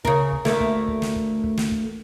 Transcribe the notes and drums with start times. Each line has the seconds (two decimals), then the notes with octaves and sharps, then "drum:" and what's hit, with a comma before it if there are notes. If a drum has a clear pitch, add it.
0.05 C#3 A#4, drum: kick
0.32 drum: kick
0.45 D2 A3 A#3, drum: snare
0.60 drum: kick
0.88 drum: kick
1.02 drum: snare
1.16 drum: kick
1.44 drum: kick
1.57 drum: snare
1.71 drum: kick